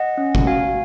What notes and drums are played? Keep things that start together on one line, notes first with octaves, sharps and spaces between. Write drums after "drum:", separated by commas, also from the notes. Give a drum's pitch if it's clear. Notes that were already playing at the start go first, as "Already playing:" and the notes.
Already playing: D#5 F#5
C#4
drum: kick F#1
F#4 F5 G#5